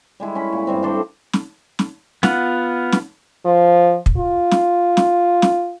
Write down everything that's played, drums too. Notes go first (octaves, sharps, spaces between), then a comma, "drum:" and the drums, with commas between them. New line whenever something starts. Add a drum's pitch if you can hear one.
G3 G#3 E4
C#4 B5
A#2
G2 G3 C4
D4 A4 C5 D5
drum: snare
drum: snare
B3 F4 F#5, drum: snare
drum: snare
F3
drum: kick
F4
drum: snare
drum: snare
drum: snare